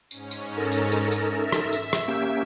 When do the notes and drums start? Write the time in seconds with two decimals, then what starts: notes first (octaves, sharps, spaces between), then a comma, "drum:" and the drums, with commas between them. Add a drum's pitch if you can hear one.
0.11 G#2 C#4, drum: tambourine
0.31 drum: tambourine
0.57 D#4 A4 A#4
0.72 drum: tambourine
0.92 drum: tambourine
1.12 drum: tambourine
1.26 E5
1.52 drum: rim click
1.73 drum: tambourine
1.93 drum: rim click
2.08 A#3 C#4 G4